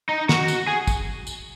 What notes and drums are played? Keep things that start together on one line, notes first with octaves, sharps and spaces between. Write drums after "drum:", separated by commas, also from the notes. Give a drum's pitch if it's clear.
D#4
F#4, drum: snare
drum: tambourine
G#4
drum: kick, tambourine
drum: tambourine